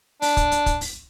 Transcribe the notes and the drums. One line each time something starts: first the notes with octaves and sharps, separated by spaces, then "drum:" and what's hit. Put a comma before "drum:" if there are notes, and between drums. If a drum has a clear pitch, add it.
D4, drum: open hi-hat
drum: kick, hi-hat
drum: hi-hat
drum: kick, hi-hat
drum: open hi-hat